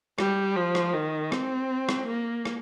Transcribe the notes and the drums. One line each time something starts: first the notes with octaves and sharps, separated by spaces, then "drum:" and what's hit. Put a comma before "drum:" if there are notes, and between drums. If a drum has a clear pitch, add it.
G3, drum: rim click
F3
drum: rim click
D#3
C4, drum: rim click
drum: rim click
A#3
drum: rim click